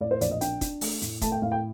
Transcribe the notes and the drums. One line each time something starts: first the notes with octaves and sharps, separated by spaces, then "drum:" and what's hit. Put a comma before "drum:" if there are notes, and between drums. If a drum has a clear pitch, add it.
A2 D5
C5
A#1 D5, drum: hi-hat
D#5
D4 G5, drum: hi-hat
D4, drum: kick, hi-hat
A3, drum: open hi-hat
A2, drum: hi-hat
A3 A5, drum: kick, hi-hat
G5
A2 F5
G5